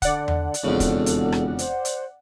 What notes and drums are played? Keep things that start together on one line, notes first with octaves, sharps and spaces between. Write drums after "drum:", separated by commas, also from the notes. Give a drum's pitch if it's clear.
D3 D5 F#5, drum: kick, hi-hat
drum: tom E2
drum: hi-hat
E1 F2 C#3 A4
drum: kick, hi-hat
drum: hi-hat
drum: rim click
C5, drum: hi-hat
drum: hi-hat